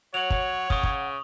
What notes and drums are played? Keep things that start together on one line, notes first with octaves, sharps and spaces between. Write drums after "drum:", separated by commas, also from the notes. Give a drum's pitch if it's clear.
F#3 C#5 F#5 F7 F#7
drum: kick
C#3 C#6 D#6, drum: kick
drum: kick